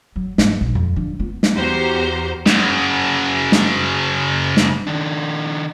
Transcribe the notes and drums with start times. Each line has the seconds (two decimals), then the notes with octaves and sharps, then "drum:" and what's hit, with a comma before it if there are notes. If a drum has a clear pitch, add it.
0.16 F#3
0.38 G#2, drum: snare
0.61 A#1
0.75 F2
0.96 D3 F3
1.19 B3 F4
1.43 drum: snare
1.55 E2 F#4 G4 C5 A#5
2.46 F#2 C#3, drum: snare
3.52 drum: snare
4.57 drum: snare
4.87 D#3 D4